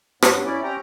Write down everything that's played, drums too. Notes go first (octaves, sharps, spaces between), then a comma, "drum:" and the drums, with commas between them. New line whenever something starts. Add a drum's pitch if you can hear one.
G2 F#3 B3, drum: rim click
C#4 E4 D5
C4 C#4 G4 G5 A#5